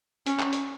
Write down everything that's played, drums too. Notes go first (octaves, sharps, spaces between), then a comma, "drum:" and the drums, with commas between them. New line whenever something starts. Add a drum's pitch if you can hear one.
C#4, drum: hi-hat
drum: clap
drum: hi-hat